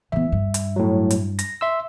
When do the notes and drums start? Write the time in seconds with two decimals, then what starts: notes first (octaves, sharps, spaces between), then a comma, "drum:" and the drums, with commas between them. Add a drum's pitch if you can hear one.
0.12 E3 B3 E5
0.32 G2
0.54 drum: hi-hat
0.76 A2 F#3
1.10 drum: hi-hat
1.39 A#6, drum: hi-hat
1.61 E5 C6 E6